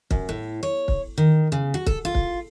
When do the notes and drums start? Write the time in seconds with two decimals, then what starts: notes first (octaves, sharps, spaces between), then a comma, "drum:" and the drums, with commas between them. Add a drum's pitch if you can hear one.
0.11 F#2, drum: kick
0.29 A2
0.63 C#5
0.88 drum: kick
1.18 D#3
1.52 C#3
1.74 F#4
1.86 A4, drum: kick
2.05 F4
2.15 drum: kick